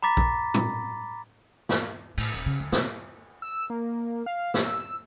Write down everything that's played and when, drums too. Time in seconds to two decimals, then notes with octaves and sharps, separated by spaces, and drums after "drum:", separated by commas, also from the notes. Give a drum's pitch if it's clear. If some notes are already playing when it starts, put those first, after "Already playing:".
0.03 A#5 B5 D6 A6 B6
0.17 drum: kick A#1
0.54 drum: tom
1.69 drum: snare
2.18 A2, drum: cymbal
2.34 D#1
2.46 C#3
2.60 D2
2.72 C3, drum: snare
3.42 E6
3.70 A#3
4.26 F5
4.54 E6, drum: snare